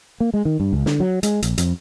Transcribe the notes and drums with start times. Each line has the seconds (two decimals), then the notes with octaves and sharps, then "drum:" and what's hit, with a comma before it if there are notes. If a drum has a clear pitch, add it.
0.20 A#3
0.34 G#3
0.45 D#3
0.60 G2
0.72 C#2
0.86 D3, drum: snare
1.00 F#3
1.23 G#3, drum: hi-hat
1.42 A#1, drum: hi-hat
1.58 F2, drum: hi-hat